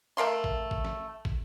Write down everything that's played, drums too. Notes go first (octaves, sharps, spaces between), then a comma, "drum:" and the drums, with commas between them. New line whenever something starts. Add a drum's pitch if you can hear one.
A3 A#4 F5 C6
drum: kick
drum: kick
drum: snare
drum: kick